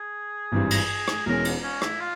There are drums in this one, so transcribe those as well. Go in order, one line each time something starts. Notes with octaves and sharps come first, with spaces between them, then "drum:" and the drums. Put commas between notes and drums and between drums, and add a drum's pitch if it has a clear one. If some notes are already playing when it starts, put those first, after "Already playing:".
Already playing: G#4
G#1 G2 E3 G3 C4
drum: cymbal
drum: rim click
E1 E2 E3 G#3 C#4 A#4
drum: cymbal
C#4
E4, drum: rim click
F4